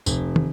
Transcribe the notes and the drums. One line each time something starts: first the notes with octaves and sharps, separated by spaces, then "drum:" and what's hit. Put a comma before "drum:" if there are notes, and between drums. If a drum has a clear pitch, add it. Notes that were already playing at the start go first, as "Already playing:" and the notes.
F1, drum: tambourine
drum: tom